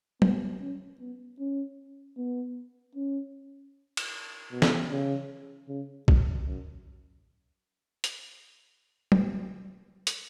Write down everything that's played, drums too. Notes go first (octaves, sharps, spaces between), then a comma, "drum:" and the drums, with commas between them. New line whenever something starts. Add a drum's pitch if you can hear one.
B3, drum: tom
C#4
B3
C#4
B3
C#4
drum: cymbal
B2
drum: snare
C#3
C#3
F#3, drum: kick
F#2
drum: hi-hat
drum: tom
drum: hi-hat